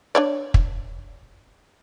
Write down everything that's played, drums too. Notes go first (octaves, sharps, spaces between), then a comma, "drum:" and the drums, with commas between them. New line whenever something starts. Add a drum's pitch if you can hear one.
D4 C#5 D5
drum: kick